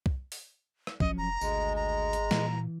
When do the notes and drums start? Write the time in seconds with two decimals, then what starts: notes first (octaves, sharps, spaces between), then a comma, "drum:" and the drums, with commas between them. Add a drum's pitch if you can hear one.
0.06 drum: kick C2
0.32 drum: open hi-hat
0.87 drum: rim click
1.00 G#1 F3 F#3 C#4 D#5, drum: kick C2
1.18 F1 A#5
1.41 G#1 D2 G#3, drum: tambourine
1.76 A#5
2.13 drum: hi-hat
2.31 A#2 E3, drum: snare